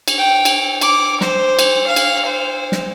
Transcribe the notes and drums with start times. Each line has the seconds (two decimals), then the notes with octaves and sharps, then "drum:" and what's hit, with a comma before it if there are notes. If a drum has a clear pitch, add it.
0.08 drum: cymbal
0.18 G5
0.45 drum: cymbal
0.81 D6, drum: cymbal
1.21 C5, drum: snare
1.59 drum: cymbal
1.87 F5
1.96 drum: cymbal
2.25 C5
2.72 drum: snare